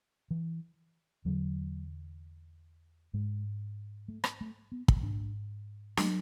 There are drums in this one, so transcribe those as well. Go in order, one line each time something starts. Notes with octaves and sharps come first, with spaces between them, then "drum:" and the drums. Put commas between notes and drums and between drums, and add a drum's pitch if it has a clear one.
E3
E2 D3 F#3
G#2 G#3
A3
drum: rim click
A3
B3
drum: kick
G#2 D4
F#3, drum: snare